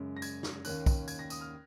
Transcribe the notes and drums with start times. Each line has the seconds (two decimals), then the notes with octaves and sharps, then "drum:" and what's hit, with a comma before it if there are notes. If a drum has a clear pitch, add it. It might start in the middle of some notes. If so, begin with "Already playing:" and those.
Already playing: F#2 C#3 G#3
0.17 A#6
0.22 G#6, drum: tambourine
0.43 drum: snare
0.65 D#2 D#3 A#3 C#4 F#6, drum: tambourine
0.86 drum: kick B1, tambourine
1.08 G#6, drum: tambourine
1.19 A#6
1.30 D#6, drum: tambourine
1.41 F6